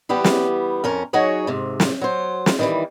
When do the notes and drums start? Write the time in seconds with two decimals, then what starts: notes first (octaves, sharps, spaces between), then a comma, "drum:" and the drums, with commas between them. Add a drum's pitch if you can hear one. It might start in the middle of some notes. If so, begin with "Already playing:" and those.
0.09 E3 G3 B3 G4
0.24 drum: snare
0.84 F2 C#4 A#4
1.13 F#3 D#4 F#4 G#4 C#5
1.47 G#2 C3
1.80 drum: snare
2.02 F#3 C5
2.46 drum: snare
2.59 D#3 E3 G3